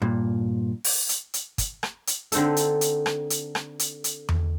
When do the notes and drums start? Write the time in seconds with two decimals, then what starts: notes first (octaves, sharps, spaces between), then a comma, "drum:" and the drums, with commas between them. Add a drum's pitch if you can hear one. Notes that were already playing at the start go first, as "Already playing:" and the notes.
0.02 G2 A#2
0.84 drum: open hi-hat
1.09 drum: hi-hat
1.34 drum: hi-hat
1.58 drum: kick, hi-hat
1.83 drum: rim click
2.07 drum: hi-hat
2.32 D3 C4 D#4 A4, drum: hi-hat
2.57 drum: hi-hat
2.81 drum: hi-hat
3.06 drum: rim click
3.30 drum: hi-hat
3.55 drum: rim click
3.79 drum: hi-hat
4.04 drum: hi-hat
4.29 drum: tom E2